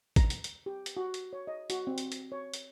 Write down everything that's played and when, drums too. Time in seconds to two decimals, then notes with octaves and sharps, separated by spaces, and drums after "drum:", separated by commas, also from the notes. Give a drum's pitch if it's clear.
0.16 A#5, drum: kick, hi-hat
0.30 drum: hi-hat
0.44 drum: hi-hat
0.66 G4
0.86 drum: hi-hat
0.97 F#4
1.14 drum: hi-hat
1.33 C#5
1.47 D#5
1.70 F#4, drum: hi-hat
1.87 C4
1.98 drum: hi-hat
2.12 drum: hi-hat
2.32 C#5
2.54 drum: hi-hat